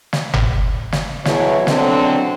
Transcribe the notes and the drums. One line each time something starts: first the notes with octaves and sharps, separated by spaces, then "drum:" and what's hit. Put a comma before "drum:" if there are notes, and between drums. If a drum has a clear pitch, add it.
drum: snare
drum: tom G1
drum: snare
B2 E3 F#3 E4 G#4 C#5, drum: snare
B2 D3 F#3 C4, drum: snare